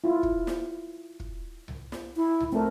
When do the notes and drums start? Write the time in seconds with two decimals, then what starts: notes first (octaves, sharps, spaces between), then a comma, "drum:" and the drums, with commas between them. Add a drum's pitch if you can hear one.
0.04 E4 F4
0.23 drum: kick
0.47 drum: snare
1.20 drum: kick
1.68 drum: tom C2
1.92 drum: snare
2.16 E4
2.40 drum: tom C2
2.53 A3 C4 A#4